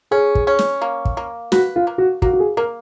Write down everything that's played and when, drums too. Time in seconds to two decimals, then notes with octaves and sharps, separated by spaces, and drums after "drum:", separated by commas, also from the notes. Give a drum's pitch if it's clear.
0.11 C#4 G#4
0.35 drum: kick
0.47 C#4
0.59 drum: snare
0.82 A#3
1.05 drum: kick
1.17 A#3
1.52 F#4 B4, drum: snare
1.76 F4
1.87 A#3
1.98 F#4
2.22 A#3 F#4, drum: kick
2.33 F#4
2.40 G#4
2.57 A#3 A#4